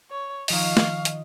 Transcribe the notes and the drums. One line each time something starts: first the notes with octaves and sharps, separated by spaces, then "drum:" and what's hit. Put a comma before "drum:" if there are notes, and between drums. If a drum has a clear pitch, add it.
C#5
D#3 F3 D#5 F5 C#6, drum: open hi-hat
drum: snare
drum: hi-hat